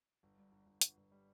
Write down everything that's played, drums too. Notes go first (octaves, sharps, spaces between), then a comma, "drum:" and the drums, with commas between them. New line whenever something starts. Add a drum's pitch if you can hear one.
G1
G2
G1
G1
G1, drum: hi-hat
G1
G3